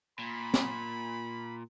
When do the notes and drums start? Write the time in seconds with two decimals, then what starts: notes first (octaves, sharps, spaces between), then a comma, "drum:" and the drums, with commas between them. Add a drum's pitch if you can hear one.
0.19 A#2 B5
0.54 drum: snare C4